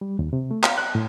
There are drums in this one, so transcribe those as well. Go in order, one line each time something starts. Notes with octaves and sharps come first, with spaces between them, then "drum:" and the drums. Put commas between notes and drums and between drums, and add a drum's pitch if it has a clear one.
G3
D#2
C3
A3
F5, drum: clap
F#6
A2